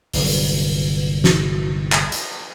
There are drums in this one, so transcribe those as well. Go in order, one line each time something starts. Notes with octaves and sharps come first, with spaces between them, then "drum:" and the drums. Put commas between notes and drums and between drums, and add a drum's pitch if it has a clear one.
G1 C2 F#3, drum: open hi-hat
drum: snare
drum: clap
drum: hi-hat